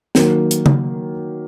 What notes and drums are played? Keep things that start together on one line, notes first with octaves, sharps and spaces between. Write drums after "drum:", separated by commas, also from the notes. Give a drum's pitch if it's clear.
D#3 F#3 A#3, drum: snare
drum: hi-hat
drum: tom